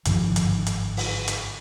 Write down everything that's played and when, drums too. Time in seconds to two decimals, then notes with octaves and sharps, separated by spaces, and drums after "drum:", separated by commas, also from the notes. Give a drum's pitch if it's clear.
0.05 G#1 G2 D3 F3, drum: hi-hat
0.36 drum: hi-hat
0.67 drum: hi-hat
0.97 drum: open hi-hat
1.28 drum: hi-hat